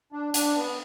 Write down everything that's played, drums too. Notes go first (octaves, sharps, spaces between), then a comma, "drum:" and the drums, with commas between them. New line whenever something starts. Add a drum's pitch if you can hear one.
D4
D4, drum: hi-hat
B3